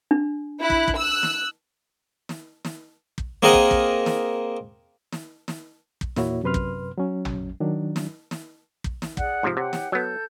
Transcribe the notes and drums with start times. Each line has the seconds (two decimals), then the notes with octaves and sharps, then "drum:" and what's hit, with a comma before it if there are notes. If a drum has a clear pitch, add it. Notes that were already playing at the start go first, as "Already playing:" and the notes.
0.11 D4
0.60 E4 F#6
0.70 drum: kick
0.88 drum: kick
0.97 E6 F#6
1.23 drum: snare
2.29 drum: snare
2.65 drum: snare
3.18 drum: kick
3.43 A#3 C4 G#4 A#4 D#5 F#5
3.53 drum: kick
3.71 drum: kick
4.06 drum: snare
5.13 drum: snare
5.48 drum: snare
6.01 drum: kick
6.16 E2 A#2 A#3 E4 F#4 C#5, drum: snare
6.44 F#2 C3 B4 C6 F6
6.54 drum: kick
6.98 F#3 C#4
7.25 drum: tom
7.60 D#3 F#3 D4
7.96 drum: snare
8.31 drum: snare
8.84 drum: kick
9.02 drum: snare
9.17 G#4 D5 F#5, drum: kick
9.43 G#2 C3 F3
9.57 C3 G4 C#5 F#5
9.73 drum: snare
9.92 F#3 B3 A4 G6